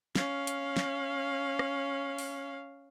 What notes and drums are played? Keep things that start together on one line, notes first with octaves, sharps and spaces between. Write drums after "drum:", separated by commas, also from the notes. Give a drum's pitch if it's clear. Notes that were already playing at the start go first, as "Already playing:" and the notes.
C#4 F5, drum: snare
drum: hi-hat
drum: snare
drum: rim click
drum: open hi-hat